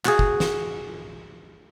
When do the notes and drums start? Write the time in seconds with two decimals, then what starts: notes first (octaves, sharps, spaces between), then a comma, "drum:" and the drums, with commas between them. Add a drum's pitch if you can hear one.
0.05 F#4 G#4, drum: clap
0.19 drum: kick
0.40 drum: snare